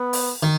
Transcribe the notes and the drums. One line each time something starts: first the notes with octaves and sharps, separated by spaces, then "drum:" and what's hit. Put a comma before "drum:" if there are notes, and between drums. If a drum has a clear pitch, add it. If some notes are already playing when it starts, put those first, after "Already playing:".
Already playing: B3
drum: open hi-hat
D#3